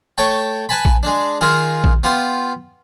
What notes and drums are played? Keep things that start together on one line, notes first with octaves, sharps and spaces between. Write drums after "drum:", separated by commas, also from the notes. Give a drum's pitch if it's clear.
A3 C#5 G5 A5
B4 G#5 A5 B5
drum: kick A#1
G#3 D4
D#3 F4 G#4 A#4
drum: kick A#1
B3 F4 G4